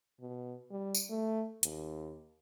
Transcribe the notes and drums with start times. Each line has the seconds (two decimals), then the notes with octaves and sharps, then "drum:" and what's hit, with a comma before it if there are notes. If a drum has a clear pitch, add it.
0.20 B2
0.71 G3
0.95 drum: tambourine
1.09 A3
1.63 D#2, drum: hi-hat